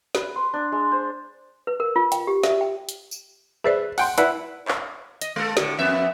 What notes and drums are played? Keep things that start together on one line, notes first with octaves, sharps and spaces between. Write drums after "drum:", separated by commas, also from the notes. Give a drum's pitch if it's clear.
B4, drum: snare
C6
D4
G#3
C5
B4
A#4
F4
G5, drum: hi-hat
G4
E5, drum: snare
G5
drum: hi-hat
drum: tambourine
G#4 B4 C5 D5 E5
F#5 G5 C6, drum: open hi-hat
E4 B4 D5 F#5, drum: hi-hat
drum: clap
D#5, drum: hi-hat
G#3 A4
A2 D3, drum: snare
F2 B3 E5